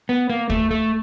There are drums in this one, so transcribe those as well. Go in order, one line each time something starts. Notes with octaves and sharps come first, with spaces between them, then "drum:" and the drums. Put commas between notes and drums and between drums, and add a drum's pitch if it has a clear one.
B3
A#3
A3, drum: kick
A3